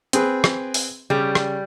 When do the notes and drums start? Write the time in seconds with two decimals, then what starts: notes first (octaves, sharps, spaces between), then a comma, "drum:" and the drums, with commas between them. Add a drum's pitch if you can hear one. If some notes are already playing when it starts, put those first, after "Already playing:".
0.13 C4 G#4 B4, drum: hi-hat
0.44 drum: rim click
0.74 drum: open hi-hat
1.10 C#3 G3
1.35 drum: rim click